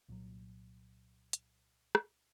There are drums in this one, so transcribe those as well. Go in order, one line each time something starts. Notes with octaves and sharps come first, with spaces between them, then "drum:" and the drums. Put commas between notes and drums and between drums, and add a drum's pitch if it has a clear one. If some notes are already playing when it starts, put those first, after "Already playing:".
C2 A#2 F#3
drum: hi-hat
drum: rim click